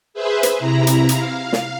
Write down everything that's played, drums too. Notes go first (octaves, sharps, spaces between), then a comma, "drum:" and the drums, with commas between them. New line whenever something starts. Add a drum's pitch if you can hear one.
G#4 B4 C5 E5
drum: hi-hat
C3 E4 A#5
drum: hi-hat
F5, drum: hi-hat
drum: snare